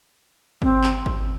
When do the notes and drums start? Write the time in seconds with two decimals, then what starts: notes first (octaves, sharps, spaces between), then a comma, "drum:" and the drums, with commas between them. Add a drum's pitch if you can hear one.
0.62 C4, drum: kick G#1
0.84 drum: clap
1.06 drum: kick G#1